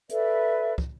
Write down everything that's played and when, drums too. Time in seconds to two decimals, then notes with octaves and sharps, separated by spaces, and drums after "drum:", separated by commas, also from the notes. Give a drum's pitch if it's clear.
0.09 A4 B4 D5 E5, drum: hi-hat
0.78 drum: kick